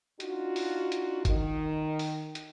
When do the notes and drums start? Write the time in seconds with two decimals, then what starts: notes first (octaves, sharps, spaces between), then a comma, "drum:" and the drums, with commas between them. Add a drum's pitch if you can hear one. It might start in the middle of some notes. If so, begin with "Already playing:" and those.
0.20 D4 D#4 F4 F#4, drum: hi-hat
0.56 drum: open hi-hat
0.92 drum: hi-hat
1.25 D#3, drum: kick, hi-hat
1.99 drum: open hi-hat
2.35 drum: hi-hat